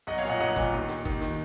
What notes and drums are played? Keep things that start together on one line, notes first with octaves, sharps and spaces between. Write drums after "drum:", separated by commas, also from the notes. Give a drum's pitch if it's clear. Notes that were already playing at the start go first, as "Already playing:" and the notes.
B1 D#5 F#5
C#5 F5
A#2
D#5 F#5
B1 D#5 F#5
A#2, drum: kick G1
D#2
D#3, drum: hi-hat
D#2, drum: kick G1
D#3, drum: hi-hat